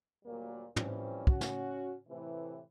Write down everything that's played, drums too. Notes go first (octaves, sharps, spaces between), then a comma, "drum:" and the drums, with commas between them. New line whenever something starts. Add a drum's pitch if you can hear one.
D2 A#2 F#3 G3 A#3
E3 F3 G3 C4 C#4, drum: tom
C#4 F#4, drum: kick
drum: snare
A2 C3 E3